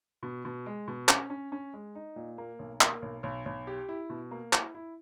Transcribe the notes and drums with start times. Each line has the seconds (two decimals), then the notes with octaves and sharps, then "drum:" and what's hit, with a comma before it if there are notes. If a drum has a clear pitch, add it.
0.23 B2
0.45 B2
0.66 G#3
0.88 B2
1.09 C#4, drum: clap
1.30 C#4
1.52 C#4
1.73 G#3
1.95 D#4
2.16 A#2
2.38 A#3
2.59 B1
2.81 A#3, drum: clap
3.02 B1
3.23 B1
3.46 B1
3.67 G4
3.89 E4
4.10 B2
4.31 A#3
4.53 E4, drum: clap
4.75 E4